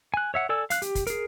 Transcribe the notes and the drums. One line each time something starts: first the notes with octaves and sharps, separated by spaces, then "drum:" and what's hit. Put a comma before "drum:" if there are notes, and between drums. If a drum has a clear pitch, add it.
G#5 F#6
C#5 E5 F#5
A4 D5 G#5 E6
F5 F#6, drum: hi-hat
G4, drum: hi-hat
drum: kick, hi-hat
G#4 A#4, drum: hi-hat